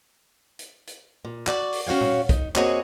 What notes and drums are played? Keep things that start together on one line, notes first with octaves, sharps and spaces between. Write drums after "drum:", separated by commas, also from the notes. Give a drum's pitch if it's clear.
drum: hi-hat
drum: hi-hat
A#2
F#4 D5, drum: clap
drum: open hi-hat
C#4 F#4 C#5 F5 G5
drum: tom A#2
D#4, drum: kick, hi-hat
A#3 C4 F#4 G#4 C#5 D#5, drum: clap